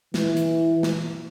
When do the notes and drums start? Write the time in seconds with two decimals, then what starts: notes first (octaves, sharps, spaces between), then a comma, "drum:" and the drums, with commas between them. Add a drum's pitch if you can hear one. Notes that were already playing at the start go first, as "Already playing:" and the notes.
0.14 E3, drum: snare
0.37 drum: hi-hat
0.83 drum: snare